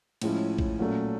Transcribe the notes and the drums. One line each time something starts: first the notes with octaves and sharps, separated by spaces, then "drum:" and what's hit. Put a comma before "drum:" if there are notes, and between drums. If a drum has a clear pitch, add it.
A2 F3 G#3 C#4 E4, drum: cymbal
drum: kick
A#2 F#3 A3 C#4